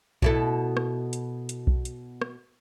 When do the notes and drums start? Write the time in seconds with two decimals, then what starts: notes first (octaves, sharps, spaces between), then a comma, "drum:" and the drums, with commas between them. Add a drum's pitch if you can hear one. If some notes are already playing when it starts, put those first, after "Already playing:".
0.22 B2 E4 A4, drum: kick B1
0.77 drum: rim click
1.13 drum: hi-hat
1.49 drum: hi-hat
1.67 drum: kick B1
1.85 drum: hi-hat
2.22 drum: rim click